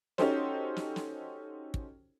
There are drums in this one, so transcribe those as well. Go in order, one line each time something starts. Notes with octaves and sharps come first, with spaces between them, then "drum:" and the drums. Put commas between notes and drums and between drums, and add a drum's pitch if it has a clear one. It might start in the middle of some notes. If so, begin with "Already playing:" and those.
C#4 D#4 F#4 G4 A4 C5, drum: snare
drum: snare
drum: snare
drum: kick